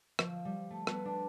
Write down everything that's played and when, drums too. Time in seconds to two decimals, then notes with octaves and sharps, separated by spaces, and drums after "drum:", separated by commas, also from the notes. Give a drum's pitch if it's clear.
0.19 F3, drum: rim click
0.45 G3
0.70 A3
0.87 B3, drum: rim click
1.05 D4